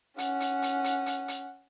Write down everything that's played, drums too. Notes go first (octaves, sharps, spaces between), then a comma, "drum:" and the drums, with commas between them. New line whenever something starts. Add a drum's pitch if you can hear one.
C#4 F#5, drum: hi-hat
drum: hi-hat
drum: hi-hat
drum: hi-hat
drum: hi-hat
drum: hi-hat